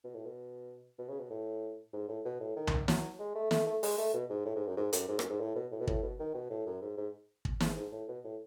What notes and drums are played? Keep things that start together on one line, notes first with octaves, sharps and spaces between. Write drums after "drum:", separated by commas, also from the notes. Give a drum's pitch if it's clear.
B2
A2
B2
B2
C#3
B2
A2
G#2
A2
B2
A2
D#3
drum: tom C2
F#3, drum: snare
G#3
A3
A3, drum: snare
A3
G#3, drum: open hi-hat
A3
B2
G#2
A2
G#2
F#2
G#2
F#2, drum: hi-hat
G#2
F#2, drum: rim click
G#2
A2
B2
A2
B2
A2, drum: kick
B2
D#3
B2
A2
F#2
G#2
G#2
drum: kick
G#2, drum: snare
G#2
A2
B2
A2